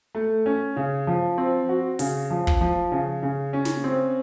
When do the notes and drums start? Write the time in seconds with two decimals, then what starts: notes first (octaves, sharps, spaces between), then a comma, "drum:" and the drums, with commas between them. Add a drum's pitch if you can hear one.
0.15 A3
0.46 C#4
0.76 C#3
1.07 F3
1.38 C4
1.69 F#4
1.99 C#3, drum: open hi-hat
2.30 F3
2.47 drum: kick
2.61 F3
2.92 C#3
3.23 C#3
3.53 C#4
3.65 drum: snare
3.84 C4